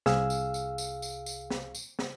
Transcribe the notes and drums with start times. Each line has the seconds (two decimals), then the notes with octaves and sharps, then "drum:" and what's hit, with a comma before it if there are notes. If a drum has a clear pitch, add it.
0.06 C2 G#4 F5 E6, drum: snare
0.30 drum: tambourine
0.54 drum: tambourine
0.78 drum: tambourine
1.02 drum: tambourine
1.26 drum: tambourine
1.51 drum: snare
1.75 drum: tambourine
1.99 drum: snare